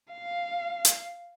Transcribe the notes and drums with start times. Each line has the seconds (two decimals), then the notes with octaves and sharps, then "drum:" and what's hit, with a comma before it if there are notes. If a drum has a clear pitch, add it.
0.12 F5
0.85 drum: hi-hat